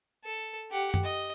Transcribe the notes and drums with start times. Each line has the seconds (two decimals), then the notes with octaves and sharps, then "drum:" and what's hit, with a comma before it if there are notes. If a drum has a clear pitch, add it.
0.24 A4
0.71 G4 F#5
0.94 drum: tom F#2
1.04 D#5